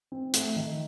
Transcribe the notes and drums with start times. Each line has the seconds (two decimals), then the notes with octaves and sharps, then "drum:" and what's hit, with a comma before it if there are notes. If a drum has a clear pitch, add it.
0.12 C4
0.34 A3, drum: hi-hat
0.56 D#3